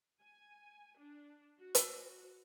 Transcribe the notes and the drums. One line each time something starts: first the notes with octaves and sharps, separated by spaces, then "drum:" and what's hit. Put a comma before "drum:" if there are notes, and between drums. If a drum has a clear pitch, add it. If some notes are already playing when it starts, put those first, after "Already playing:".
G#5
D4
F#4
drum: hi-hat